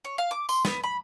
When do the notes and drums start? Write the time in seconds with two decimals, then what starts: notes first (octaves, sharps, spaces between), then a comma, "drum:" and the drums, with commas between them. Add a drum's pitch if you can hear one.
0.05 C#5
0.18 F5
0.31 D6
0.49 C6, drum: tambourine
0.65 B3, drum: snare
0.84 B5